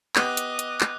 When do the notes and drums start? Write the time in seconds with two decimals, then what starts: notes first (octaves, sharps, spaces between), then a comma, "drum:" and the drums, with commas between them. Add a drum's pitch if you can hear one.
0.16 B3 G4 D#5 D6 F#6, drum: clap
0.37 drum: hi-hat
0.59 drum: hi-hat
0.81 drum: clap